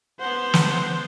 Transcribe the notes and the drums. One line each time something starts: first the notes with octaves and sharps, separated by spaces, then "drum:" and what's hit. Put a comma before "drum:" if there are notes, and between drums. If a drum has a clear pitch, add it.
B3 C5 F#5
drum: snare